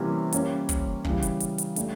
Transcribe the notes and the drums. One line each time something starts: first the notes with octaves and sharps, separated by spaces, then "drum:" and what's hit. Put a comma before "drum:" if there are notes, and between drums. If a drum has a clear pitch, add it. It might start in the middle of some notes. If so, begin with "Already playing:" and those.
Already playing: C3 E3 G3 A#3 C#4
G3 A#3 C#4 F4, drum: hi-hat
drum: kick, hi-hat
C#3 E3 G3, drum: kick
drum: hi-hat
drum: hi-hat
drum: hi-hat
A3 D4 G4, drum: hi-hat